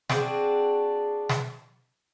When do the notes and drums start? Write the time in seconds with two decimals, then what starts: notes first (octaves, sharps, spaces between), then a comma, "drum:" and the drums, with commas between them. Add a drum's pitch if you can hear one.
0.10 C4 D4 F#4 G#4, drum: snare
1.29 drum: snare